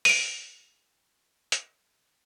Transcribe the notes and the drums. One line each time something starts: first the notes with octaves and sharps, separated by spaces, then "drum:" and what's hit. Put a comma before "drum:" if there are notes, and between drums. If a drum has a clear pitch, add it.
D7 D#7, drum: open hi-hat
drum: hi-hat